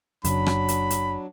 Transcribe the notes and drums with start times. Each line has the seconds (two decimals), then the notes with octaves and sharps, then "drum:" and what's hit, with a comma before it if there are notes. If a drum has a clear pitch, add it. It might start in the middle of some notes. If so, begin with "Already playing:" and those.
0.24 F#1 F#2 F#3 D4 B5, drum: hi-hat
0.46 drum: rim click
0.68 drum: hi-hat
0.90 drum: hi-hat